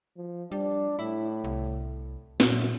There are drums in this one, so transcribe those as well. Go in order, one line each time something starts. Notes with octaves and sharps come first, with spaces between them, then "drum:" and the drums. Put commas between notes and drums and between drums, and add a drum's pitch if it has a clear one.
F3
G3 D4
A2 E4
C2
F#2 A#2, drum: snare